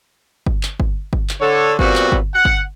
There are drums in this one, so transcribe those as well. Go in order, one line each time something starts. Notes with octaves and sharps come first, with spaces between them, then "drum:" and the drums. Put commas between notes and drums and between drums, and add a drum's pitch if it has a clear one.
drum: kick G1
drum: clap
drum: kick G1
drum: kick G1
drum: clap
D3 A4 C#5
A#2 G3 B3 C4 F#4, drum: kick G1
drum: clap
drum: kick G1
F#5
drum: kick G1